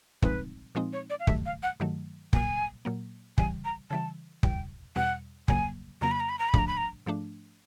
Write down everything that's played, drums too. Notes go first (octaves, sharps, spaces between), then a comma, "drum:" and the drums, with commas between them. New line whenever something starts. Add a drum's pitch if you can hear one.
A#2 F3 G#3 C4 D#4 B4, drum: kick
A#2 F3 G#3 C4 D#4
C#5
D5
F5
G2 D#3 F#3 A3 E5, drum: kick
F5
F#5
G2 D#3 F#3 A3
A#2 F#3 A#3 G#5, drum: kick
A#2 F#3 A#3
C#3 E3 G3 G#5, drum: kick
A#5
C#3 E3 G3 A5
E2 B2 G3 G5, drum: kick
E2 B2 G3 F#5
F2 C#3 F#3 A#3 G#5, drum: kick
F2 C#3 F#3 A#3 A#5
B5
A#5
B5
A#5
B5
G#2 F3 A3 D4 A#5, drum: kick
B5
A#5
G#2 F3 A3 D4